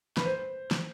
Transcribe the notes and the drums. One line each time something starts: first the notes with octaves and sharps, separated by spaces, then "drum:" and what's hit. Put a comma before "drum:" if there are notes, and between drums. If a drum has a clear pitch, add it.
B4, drum: snare
C5
drum: snare